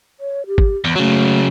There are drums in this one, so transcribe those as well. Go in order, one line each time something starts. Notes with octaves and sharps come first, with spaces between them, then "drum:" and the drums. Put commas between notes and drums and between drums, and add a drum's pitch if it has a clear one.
C#5
G4
drum: kick G#1
E2
C#3 F#3 A3